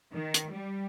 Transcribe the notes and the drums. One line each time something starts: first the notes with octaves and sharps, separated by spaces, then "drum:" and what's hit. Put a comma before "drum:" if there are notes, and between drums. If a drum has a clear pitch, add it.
D#3
drum: hi-hat
G3